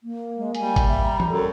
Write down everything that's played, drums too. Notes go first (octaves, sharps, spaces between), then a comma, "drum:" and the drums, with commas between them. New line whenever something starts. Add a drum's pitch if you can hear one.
A#3
G#3
G3 G#5, drum: hi-hat
drum: kick G#1, hi-hat
E5
A#5
drum: tom E3
F#2 A4